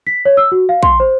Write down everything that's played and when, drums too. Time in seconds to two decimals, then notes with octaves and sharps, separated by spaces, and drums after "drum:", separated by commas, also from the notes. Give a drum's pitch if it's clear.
0.07 B6
0.25 C#5
0.37 E6
0.52 F#4
0.69 F5
0.83 C6, drum: kick A#1
1.00 C5